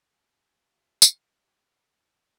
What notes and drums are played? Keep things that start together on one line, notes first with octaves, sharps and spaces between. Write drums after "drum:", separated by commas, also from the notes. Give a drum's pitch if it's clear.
C3 F3 B4 G#5
C#3 F4 A#5
E5
A#4 F5 G5 A5, drum: tambourine
G3 F#4 D6